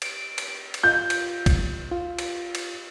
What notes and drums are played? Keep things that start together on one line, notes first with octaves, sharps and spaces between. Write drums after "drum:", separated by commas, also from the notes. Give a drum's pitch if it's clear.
D7, drum: cymbal
drum: cymbal
drum: cymbal
F4 G6
drum: cymbal
drum: kick, cymbal
F4
drum: cymbal
drum: cymbal